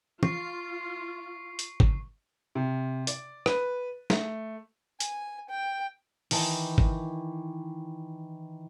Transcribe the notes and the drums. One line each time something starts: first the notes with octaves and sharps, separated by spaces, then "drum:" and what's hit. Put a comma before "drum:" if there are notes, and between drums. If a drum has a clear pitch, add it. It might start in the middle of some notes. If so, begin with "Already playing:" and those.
F4 C#6 C7, drum: tom
drum: hi-hat
drum: kick G1
C3
D5, drum: hi-hat
B4, drum: rim click
A3, drum: snare
G#5, drum: hi-hat
G5
D#3 E3 A5, drum: open hi-hat
drum: kick G1